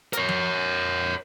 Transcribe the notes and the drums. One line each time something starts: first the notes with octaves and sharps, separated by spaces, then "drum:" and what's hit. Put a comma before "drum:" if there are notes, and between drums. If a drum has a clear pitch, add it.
A#4 C#5, drum: hi-hat
drum: tom F3